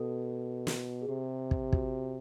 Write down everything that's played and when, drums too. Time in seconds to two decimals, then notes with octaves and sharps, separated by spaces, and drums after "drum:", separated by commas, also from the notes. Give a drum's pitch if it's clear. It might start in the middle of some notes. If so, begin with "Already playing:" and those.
Already playing: B2 A4
0.67 drum: snare
1.02 G#4
1.08 C3 G4
1.51 drum: kick
1.73 F#4, drum: kick